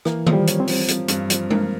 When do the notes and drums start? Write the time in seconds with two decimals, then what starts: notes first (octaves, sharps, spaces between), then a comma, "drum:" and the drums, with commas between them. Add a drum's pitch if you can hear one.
0.05 E3 A#3, drum: rim click
0.26 F3, drum: tom D#3
0.33 G3
0.47 C#4, drum: hi-hat
0.60 C4
0.67 F3, drum: open hi-hat
0.88 F3, drum: hi-hat
1.08 G2, drum: hi-hat
1.30 F3, drum: hi-hat
1.50 A#3, drum: tom G#3